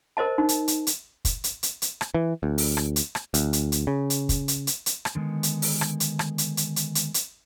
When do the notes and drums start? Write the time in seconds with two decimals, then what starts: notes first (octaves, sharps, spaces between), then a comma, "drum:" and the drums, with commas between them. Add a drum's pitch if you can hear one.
0.17 A#4 C5 D#5 A5
0.38 D#4
0.49 drum: hi-hat
0.68 drum: hi-hat
0.87 drum: hi-hat
1.25 drum: kick, hi-hat
1.44 drum: hi-hat
1.63 drum: hi-hat
1.82 drum: hi-hat
2.01 drum: rim click
2.15 E3
2.43 D2
2.58 drum: open hi-hat
2.77 drum: rim click
2.96 drum: hi-hat
3.15 drum: rim click
3.34 D2, drum: hi-hat
3.53 drum: hi-hat
3.72 drum: hi-hat
3.87 C#3
4.10 drum: hi-hat
4.29 drum: kick, hi-hat
4.48 drum: hi-hat
4.67 drum: hi-hat
4.86 drum: hi-hat
5.05 drum: rim click
5.15 D3 D#3 G#3 B3
5.43 drum: hi-hat
5.62 drum: open hi-hat
5.81 drum: rim click
6.00 drum: hi-hat
6.19 drum: rim click
6.38 drum: hi-hat
6.57 drum: hi-hat
6.76 drum: hi-hat
6.95 drum: hi-hat
7.14 drum: hi-hat